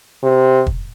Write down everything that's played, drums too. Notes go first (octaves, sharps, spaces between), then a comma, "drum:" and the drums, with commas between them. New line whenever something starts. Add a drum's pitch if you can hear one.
C3
drum: kick